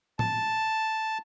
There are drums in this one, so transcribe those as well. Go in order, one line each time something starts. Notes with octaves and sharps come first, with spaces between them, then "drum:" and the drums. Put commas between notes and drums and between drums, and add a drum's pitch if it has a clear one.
A5, drum: tom